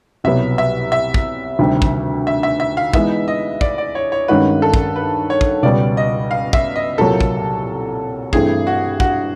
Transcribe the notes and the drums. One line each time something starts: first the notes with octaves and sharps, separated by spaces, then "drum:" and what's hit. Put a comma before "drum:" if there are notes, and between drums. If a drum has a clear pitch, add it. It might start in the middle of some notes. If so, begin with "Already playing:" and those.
C2 B2 F#3 B3 E5
E5
E5
drum: kick
D2 C3 D#3 G3 C4
drum: kick
E5
E5
E5
F5
E3 G#3 B3 D#4 E5, drum: kick
D#5
D5, drum: kick
D5
C#5
C#5
G2 D#3 G#3 C#4 F#4 B4
A4
drum: kick
B4
C#5
drum: kick
C#2 B2 G3 D5
D#5
F5
E5, drum: kick
D#5
C2 A#2 F#3 A#3 A4
drum: kick
G2 E3 A3 C4 G#4, drum: kick
F#4
F#4, drum: kick